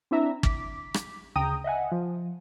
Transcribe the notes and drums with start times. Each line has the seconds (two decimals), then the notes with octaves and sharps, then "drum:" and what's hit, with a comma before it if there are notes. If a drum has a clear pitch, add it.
0.11 C4 D4 E4 E5 A#5
0.43 D6 B6, drum: kick
0.94 drum: rim click
1.36 D2 C#3 G5 A#5 D#6
1.64 D#5 E5 F#5 G#5
1.92 F3